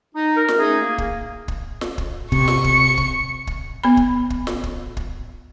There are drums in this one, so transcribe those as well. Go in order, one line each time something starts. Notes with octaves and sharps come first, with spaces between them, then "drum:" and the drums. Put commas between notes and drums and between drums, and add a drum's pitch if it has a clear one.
D#4
A#4
drum: snare
A3 C#4 D#4 G#4
A#3
drum: kick
drum: kick
drum: snare
drum: kick
C3 C#6 C#7, drum: kick
drum: snare
drum: kick
drum: kick
drum: kick
B3 B5
drum: kick
drum: kick
drum: snare
drum: kick
drum: kick